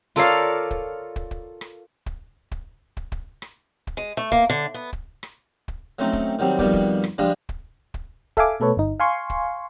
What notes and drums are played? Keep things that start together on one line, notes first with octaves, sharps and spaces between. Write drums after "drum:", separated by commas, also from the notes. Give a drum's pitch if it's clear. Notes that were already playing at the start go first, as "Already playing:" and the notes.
F4 A4 A#4 C#5 D5 F5
drum: kick
drum: kick
drum: kick
drum: rim click
drum: kick
drum: kick
drum: kick
drum: kick
drum: rim click
drum: kick
G#3
A3
A#3, drum: kick
D3
B3
drum: kick
drum: rim click
drum: kick
F#3 A3 C4 C#4 D#4
drum: kick
D#3 F#3 G3 C4
F2 B2 D#3 G3 B3 D5, drum: kick
drum: kick
drum: rim click
F3 G3 G#3 D4
drum: kick
drum: kick
A4 E5 F5 G#5 D6, drum: kick
B2 A3 A4 B4 C#5
G1 D#4
F5 G#5 C6 C#6
drum: kick